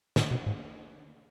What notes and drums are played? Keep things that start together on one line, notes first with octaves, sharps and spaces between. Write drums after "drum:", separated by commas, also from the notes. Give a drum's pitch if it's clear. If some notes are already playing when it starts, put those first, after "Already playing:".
A2, drum: snare
B2
G#2